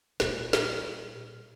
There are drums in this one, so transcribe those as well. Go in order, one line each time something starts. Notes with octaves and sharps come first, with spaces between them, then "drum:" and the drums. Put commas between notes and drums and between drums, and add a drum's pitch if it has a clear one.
A#2 G3, drum: snare
drum: snare